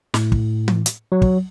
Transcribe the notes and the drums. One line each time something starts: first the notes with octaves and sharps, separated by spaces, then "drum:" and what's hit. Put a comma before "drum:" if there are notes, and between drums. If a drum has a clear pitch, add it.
A2, drum: snare
drum: kick
drum: tom E3
drum: hi-hat
F#3
drum: kick